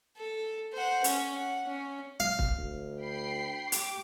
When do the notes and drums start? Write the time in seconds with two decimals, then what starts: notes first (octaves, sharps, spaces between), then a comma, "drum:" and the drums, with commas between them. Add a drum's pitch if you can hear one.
0.17 A4
0.73 C5 F#5
1.04 C#4, drum: hi-hat
1.36 F#5
1.67 C#4
2.20 F5
2.39 drum: kick
2.58 D2
3.01 G5 B5 C7
3.72 G4 D6, drum: hi-hat